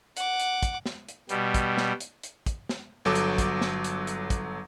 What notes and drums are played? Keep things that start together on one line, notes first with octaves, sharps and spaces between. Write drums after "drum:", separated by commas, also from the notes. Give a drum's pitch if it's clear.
F#5 D6, drum: hi-hat
drum: hi-hat
drum: kick, hi-hat
drum: snare
drum: hi-hat
B2 G3, drum: hi-hat
drum: kick, hi-hat
drum: snare
drum: hi-hat
drum: hi-hat
drum: kick, hi-hat
drum: snare
G1 F#3 A4 D6
drum: hi-hat
drum: kick, hi-hat
drum: snare
drum: hi-hat
drum: hi-hat
drum: kick, hi-hat